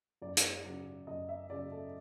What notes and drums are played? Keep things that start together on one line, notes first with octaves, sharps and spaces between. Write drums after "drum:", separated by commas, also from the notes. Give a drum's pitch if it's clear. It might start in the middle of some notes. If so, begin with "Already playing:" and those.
F#2 D5
drum: hi-hat
C#3 F#3
F#2 D#5
E5
C#3 F#3 D5
A4